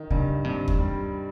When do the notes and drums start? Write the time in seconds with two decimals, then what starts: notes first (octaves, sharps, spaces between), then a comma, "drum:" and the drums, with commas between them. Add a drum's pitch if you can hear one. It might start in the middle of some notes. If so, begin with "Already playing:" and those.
Already playing: D#3
0.11 G2 C#3
0.44 G2 C3
0.68 drum: kick
0.78 G3